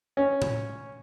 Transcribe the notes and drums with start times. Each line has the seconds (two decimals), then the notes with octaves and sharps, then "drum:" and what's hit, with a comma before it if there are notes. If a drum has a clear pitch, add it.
0.17 C#4
0.42 drum: tom A2